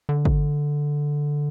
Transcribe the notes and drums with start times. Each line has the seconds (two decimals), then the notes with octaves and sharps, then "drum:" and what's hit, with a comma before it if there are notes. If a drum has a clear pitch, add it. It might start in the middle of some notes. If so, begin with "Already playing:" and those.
0.09 D3
0.25 drum: kick